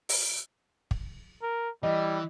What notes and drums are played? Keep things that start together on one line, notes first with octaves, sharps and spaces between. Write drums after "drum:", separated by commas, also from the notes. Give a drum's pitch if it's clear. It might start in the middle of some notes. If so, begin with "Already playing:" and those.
drum: open hi-hat
drum: kick
A#4
E3 G3 D#5